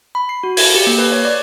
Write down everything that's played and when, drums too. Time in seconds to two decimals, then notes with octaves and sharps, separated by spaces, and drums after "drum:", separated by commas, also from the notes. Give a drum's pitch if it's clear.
0.15 B5
0.29 C7
0.43 F#4
0.57 G#6, drum: open hi-hat
0.75 G4
0.87 A#3
0.98 B4
1.12 C#5
1.25 D5